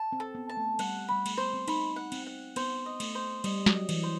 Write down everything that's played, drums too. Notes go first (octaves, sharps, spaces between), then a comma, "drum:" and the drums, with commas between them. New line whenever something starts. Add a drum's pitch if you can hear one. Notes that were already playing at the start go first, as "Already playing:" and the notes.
Already playing: A5
C4
A4
B3
A5
A3
G3 F#5, drum: cymbal
G3 B5
A3, drum: cymbal
B3 C5
C4
D#4 B5, drum: cymbal
F#5
C4, drum: cymbal
F#5
B3 C5, drum: cymbal
D#5
A3, drum: cymbal
C5
G3 D#5, drum: cymbal
F#3, drum: snare
D#5
E3, drum: cymbal
C5